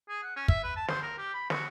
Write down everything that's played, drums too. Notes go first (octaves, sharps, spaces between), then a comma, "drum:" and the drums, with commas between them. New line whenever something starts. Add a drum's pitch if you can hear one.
G#4
F#5
C#4
E5, drum: kick
B4
A5
C5, drum: snare
A#4
G4
B5
F#4, drum: snare